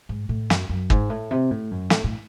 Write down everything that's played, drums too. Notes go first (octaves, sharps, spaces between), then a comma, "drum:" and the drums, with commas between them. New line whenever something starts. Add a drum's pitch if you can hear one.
G#2
A2
F#2, drum: snare
F#2
G#2, drum: kick
A2
C3
A2
F#2
A2, drum: snare
A2